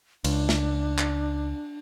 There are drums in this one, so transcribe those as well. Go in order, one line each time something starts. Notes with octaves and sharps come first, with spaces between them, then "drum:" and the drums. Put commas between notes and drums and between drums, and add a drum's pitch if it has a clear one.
C#2 D4, drum: cymbal
drum: snare
drum: clap